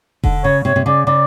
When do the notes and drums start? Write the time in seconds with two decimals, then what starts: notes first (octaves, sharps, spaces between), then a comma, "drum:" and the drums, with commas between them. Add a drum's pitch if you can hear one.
0.24 D3, drum: kick E1
0.44 C#3 C#5
0.65 C3 C#5
0.76 C3
0.86 C#3 D5
1.07 C#3 D5